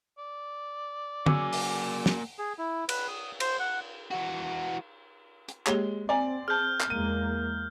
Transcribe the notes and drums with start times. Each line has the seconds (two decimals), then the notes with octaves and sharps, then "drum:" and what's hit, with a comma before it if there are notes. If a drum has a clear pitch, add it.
0.18 D5
1.26 C#3 F#3 A#3 G#5 D6 E6, drum: tom
1.53 drum: open hi-hat
2.06 drum: snare
2.39 G#4
2.58 E4
2.89 B4, drum: cymbal
3.08 D#6
3.40 C5, drum: cymbal
3.59 F#5
4.11 E3 F#4
5.49 drum: hi-hat
5.67 G#3 A#3 G4 C#5 G7, drum: clap
6.09 C4 D5 G#5 A#5
6.48 G#4 A5 F6 G6
6.80 drum: clap
6.90 E2 G#3 A#3 D#7